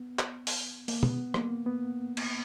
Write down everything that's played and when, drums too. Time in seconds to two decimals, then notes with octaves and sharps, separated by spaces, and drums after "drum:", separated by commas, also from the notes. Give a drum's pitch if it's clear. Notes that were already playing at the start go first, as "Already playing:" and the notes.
Already playing: B3
0.19 drum: clap
0.47 drum: open hi-hat
0.88 A#3, drum: open hi-hat
1.03 B3, drum: tom B2
1.34 A#3, drum: rim click
1.66 B3
2.17 drum: cymbal